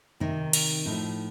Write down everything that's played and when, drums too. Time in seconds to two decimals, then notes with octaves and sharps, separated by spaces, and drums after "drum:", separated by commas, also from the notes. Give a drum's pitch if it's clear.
0.20 C3 D#3 D#4
0.53 drum: cymbal
0.86 A2 F3 D#4